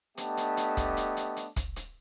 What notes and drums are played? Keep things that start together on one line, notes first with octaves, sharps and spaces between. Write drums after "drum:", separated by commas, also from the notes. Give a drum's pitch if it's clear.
A3 B3 D4 G4 D#5 A5, drum: hi-hat
drum: hi-hat
drum: hi-hat
drum: kick, hi-hat
drum: hi-hat
drum: hi-hat
drum: hi-hat
drum: kick, hi-hat
drum: hi-hat